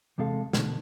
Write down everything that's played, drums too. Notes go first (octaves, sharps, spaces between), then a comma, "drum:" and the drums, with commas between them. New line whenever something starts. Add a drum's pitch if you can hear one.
E2 C3 G#3 A4 F5
B2 D3, drum: snare